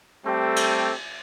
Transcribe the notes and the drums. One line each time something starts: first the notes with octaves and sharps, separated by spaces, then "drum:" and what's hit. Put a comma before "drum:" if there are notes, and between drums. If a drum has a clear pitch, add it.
G3 A3 C4 G4 A4
drum: cymbal